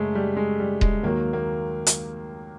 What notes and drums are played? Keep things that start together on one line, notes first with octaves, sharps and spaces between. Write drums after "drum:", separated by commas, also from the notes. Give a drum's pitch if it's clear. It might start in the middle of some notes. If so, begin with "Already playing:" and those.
Already playing: F#2 C#3 F#3 G#3 A3
G3
G#3
G3
G#3, drum: kick D#1
D#2 D#3 F#3 A#3
A#3
drum: hi-hat